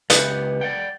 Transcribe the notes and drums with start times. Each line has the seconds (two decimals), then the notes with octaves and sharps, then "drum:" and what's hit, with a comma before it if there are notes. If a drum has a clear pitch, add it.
0.10 C#2 B3 G4, drum: hi-hat
0.61 D5 F#5 G5